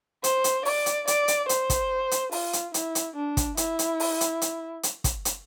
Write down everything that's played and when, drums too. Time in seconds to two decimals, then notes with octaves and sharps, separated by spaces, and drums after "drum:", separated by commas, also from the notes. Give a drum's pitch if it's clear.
0.24 C5, drum: hi-hat
0.44 drum: hi-hat
0.65 D5, drum: open hi-hat
0.86 drum: hi-hat
1.07 D5, drum: hi-hat
1.28 drum: hi-hat
1.49 C5, drum: hi-hat
1.70 drum: kick, hi-hat
2.11 drum: hi-hat
2.32 F4, drum: open hi-hat
2.53 drum: hi-hat
2.74 E4, drum: hi-hat
2.95 drum: hi-hat
3.16 D4
3.37 drum: kick, hi-hat
3.57 E4, drum: hi-hat
3.79 drum: hi-hat
4.00 drum: open hi-hat
4.21 drum: hi-hat
4.42 drum: hi-hat
4.83 drum: hi-hat
5.04 drum: kick, hi-hat
5.25 drum: hi-hat